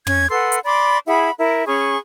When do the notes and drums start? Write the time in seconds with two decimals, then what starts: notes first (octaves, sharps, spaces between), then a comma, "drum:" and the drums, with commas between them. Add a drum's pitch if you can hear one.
0.07 C#4 G#6, drum: tom
0.30 A4 B4 F#5 C6
0.52 drum: hi-hat
0.65 D5 B5 C6 D6
1.07 E4 G#4 F#5 B5
1.38 E4 A#4
1.67 C#4 G#4 B5 C#6